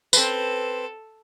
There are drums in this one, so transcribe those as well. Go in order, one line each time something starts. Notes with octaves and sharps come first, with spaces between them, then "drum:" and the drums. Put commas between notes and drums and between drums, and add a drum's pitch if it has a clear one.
C4 A4 B4, drum: tambourine